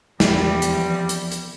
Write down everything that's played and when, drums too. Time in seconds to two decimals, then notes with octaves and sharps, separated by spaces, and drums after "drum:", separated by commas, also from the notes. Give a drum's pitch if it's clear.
0.20 E2 C3 F3 G3, drum: snare
0.62 drum: hi-hat
1.09 drum: hi-hat
1.32 drum: hi-hat